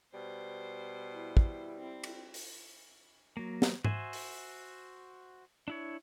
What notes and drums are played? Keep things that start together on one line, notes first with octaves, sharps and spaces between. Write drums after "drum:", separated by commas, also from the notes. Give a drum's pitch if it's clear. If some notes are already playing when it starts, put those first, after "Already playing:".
B2 G3 C5
E4
drum: kick
C4
drum: cymbal
drum: open hi-hat
F#3 A#3
drum: snare
F#4 C5 E5 G#5, drum: tom G#2
drum: open hi-hat
D4 E4 C#5